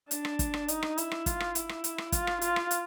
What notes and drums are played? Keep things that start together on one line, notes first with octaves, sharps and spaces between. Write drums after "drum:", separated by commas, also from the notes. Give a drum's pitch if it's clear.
D4, drum: hi-hat
drum: rim click
drum: kick G1, hi-hat
drum: rim click
D#4, drum: hi-hat
drum: rim click
E4, drum: hi-hat
drum: rim click
F4, drum: kick G1, hi-hat
drum: rim click
E4, drum: hi-hat
drum: rim click
drum: hi-hat
drum: rim click
F4, drum: kick G1, hi-hat
drum: rim click
F4, drum: hi-hat
drum: rim click
drum: hi-hat